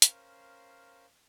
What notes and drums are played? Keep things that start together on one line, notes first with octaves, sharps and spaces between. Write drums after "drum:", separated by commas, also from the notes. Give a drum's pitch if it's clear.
C#4 A#4 C5 F5, drum: hi-hat